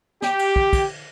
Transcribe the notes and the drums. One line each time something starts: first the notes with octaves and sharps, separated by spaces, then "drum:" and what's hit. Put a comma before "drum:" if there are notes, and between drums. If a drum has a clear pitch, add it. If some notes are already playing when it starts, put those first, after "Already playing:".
G4, drum: snare
drum: cymbal
drum: kick
drum: kick, cymbal